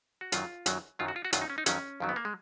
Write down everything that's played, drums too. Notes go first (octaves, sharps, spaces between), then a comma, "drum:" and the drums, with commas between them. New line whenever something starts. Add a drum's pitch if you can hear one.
F#4
F#2 D#3 F#3 F4, drum: hi-hat
F#2 D#3 F#3, drum: hi-hat
F#2 D#3 F#3 F4
F#4
F4
F#4
F#2 D#3 F#3 F4, drum: hi-hat
D#4
C#4
D#4
F2 D#3 F#3 C#4, drum: hi-hat
F2 D#3 F#3
B3
A#3
G#3